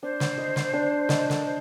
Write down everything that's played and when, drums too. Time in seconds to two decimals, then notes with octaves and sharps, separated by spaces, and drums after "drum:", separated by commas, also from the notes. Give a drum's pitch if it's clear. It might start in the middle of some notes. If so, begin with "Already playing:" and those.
0.03 D4 C5
0.20 drum: snare
0.38 D#5
0.56 drum: snare
0.73 D4
1.09 D#5, drum: snare
1.30 A4, drum: snare
1.38 A#4
1.45 C5